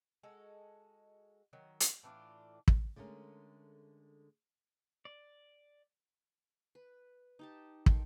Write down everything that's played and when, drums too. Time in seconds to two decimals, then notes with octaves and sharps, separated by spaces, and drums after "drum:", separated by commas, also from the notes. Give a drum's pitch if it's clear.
0.23 G#3 F#4 A4
1.53 D#3 F#3
1.80 drum: hi-hat
2.03 A2 E3 D4 F4
2.68 drum: kick
2.96 D3 G#3 A3 C#4 A#4
5.05 D5
6.75 B4
7.39 D#4 G4 A5
7.86 D#3 A4 G5 C6, drum: kick